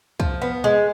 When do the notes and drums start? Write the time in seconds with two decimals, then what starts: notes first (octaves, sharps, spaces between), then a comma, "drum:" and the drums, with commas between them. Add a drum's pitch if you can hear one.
0.20 F3, drum: kick
0.42 B3
0.64 G#3